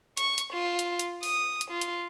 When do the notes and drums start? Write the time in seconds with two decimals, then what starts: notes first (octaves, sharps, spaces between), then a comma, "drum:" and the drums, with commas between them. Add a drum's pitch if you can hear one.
0.17 C#6, drum: hi-hat
0.38 drum: hi-hat
0.53 F4
0.79 drum: hi-hat
0.99 drum: hi-hat
1.23 D#6, drum: open hi-hat
1.61 drum: hi-hat
1.71 F4
1.81 drum: hi-hat